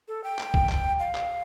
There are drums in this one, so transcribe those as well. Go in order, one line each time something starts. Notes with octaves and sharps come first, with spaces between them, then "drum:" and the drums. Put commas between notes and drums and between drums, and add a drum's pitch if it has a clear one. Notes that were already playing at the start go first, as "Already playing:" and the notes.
A4
G5
drum: clap
drum: kick
drum: clap
F5
drum: clap